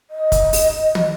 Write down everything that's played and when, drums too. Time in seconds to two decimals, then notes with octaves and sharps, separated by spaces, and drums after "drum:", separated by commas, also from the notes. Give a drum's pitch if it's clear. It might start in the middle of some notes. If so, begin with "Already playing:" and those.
0.11 D#5
0.32 drum: kick, hi-hat
0.53 drum: open hi-hat
0.95 drum: tom